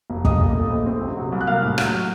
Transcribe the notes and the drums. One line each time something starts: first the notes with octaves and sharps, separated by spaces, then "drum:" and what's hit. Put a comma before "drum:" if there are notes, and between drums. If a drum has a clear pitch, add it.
F1
A#1 D#5 D#6, drum: kick
A#2
A3
A#1
C4
C3
F#3
C2
F#6
A#3 F5 F6
A2
F#3, drum: rim click